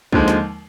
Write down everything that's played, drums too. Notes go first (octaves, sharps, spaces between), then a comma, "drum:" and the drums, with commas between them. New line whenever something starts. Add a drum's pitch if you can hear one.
D#2 D3 F3 G#3, drum: kick
drum: snare